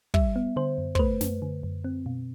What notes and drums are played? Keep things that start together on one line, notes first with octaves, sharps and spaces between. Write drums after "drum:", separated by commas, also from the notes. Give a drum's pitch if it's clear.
G3 E5, drum: kick
B3
D3 C5
F#2
C5, drum: kick
A3 B4
F#2, drum: snare
D3
F#2
C4
B2